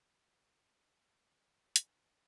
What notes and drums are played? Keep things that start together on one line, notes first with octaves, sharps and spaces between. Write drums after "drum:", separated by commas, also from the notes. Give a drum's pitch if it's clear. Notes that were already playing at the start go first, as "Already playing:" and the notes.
Already playing: F#2 D3 F#4
F#2
D3
D#3 G4
G2
G2
drum: hi-hat
D#3